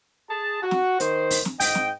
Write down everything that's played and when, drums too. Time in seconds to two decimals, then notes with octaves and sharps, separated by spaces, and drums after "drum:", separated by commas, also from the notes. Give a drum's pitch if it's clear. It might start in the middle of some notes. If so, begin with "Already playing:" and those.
0.30 G#4 A5
0.62 F#4
0.71 drum: snare
1.00 D#3 C5, drum: hi-hat
1.31 drum: open hi-hat
1.45 drum: snare
1.60 G#2 D#5 G5, drum: open hi-hat
1.75 drum: snare